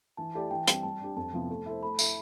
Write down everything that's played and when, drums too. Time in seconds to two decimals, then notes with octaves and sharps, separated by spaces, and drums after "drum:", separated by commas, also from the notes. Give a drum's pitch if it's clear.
0.17 E3 A5
0.34 A3 E4 G4 D5 A5
0.51 E3 G5
0.68 G3 C4, drum: hi-hat
0.83 G3 A5
1.00 D4 G4
1.16 F2 A5
1.33 C3 F3 B3 E4
1.50 A3
1.66 E4 A4 C5
1.83 A3 B5
1.99 E4 A4 E5, drum: tambourine